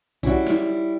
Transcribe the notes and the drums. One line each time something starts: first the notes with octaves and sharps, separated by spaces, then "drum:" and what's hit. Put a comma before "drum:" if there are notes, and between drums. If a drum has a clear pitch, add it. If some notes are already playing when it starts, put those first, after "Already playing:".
G3 C#4 E4 F#4, drum: kick
drum: snare